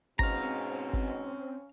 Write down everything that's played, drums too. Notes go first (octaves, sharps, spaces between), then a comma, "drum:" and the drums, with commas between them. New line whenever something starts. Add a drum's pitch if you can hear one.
G#2 B2 C4 C#4 F5 A#5, drum: kick G#1
drum: kick G#1